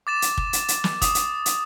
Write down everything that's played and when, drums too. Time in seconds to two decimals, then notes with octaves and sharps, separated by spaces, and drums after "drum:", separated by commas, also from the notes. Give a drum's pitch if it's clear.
0.07 D6 A6 E7
0.22 drum: hi-hat
0.37 drum: kick
0.53 drum: hi-hat
0.68 drum: hi-hat
0.84 drum: snare
1.02 D#6, drum: kick, hi-hat
1.15 drum: hi-hat
1.46 drum: hi-hat